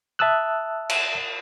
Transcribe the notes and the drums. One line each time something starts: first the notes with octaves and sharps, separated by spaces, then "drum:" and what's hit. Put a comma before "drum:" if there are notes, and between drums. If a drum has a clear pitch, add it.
E5 A5 D#6 E6 F#6
drum: cymbal